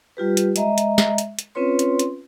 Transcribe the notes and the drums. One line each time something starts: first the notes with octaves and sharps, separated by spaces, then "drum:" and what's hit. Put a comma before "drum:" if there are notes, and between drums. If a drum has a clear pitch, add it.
G3 F4 G4 B4
drum: hi-hat
G#3 D#5 E5 A#5, drum: hi-hat
drum: hi-hat
drum: snare
drum: hi-hat
drum: hi-hat
C4 C#4 F4 B4 C#5 C6
drum: hi-hat
drum: hi-hat